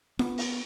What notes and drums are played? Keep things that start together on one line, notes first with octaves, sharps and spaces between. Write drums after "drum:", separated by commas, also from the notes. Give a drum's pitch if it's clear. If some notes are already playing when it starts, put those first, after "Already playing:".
B3, drum: snare F4
drum: open hi-hat